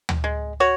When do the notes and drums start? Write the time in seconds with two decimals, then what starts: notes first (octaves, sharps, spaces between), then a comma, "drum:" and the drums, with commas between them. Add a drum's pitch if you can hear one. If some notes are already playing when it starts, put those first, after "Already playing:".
0.09 drum: tom D2
0.24 G#3
0.60 F#4 C#5